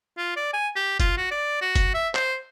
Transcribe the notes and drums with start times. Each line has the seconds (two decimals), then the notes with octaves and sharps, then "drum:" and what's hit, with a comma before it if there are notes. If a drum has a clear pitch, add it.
0.17 F4
0.37 D5
0.54 G#5
0.76 G4
1.00 F4, drum: kick, hi-hat
1.17 F#4
1.31 D5
1.61 F#4
1.76 drum: kick, hi-hat
1.94 E5
2.15 C5, drum: clap